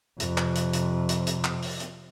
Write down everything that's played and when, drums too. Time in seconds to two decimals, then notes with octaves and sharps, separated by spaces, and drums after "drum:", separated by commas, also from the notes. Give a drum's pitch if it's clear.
0.20 F2 C3, drum: hi-hat
0.38 drum: clap
0.55 drum: hi-hat
0.73 drum: hi-hat
1.09 drum: hi-hat
1.27 drum: hi-hat
1.44 drum: clap
1.62 drum: open hi-hat
1.80 drum: hi-hat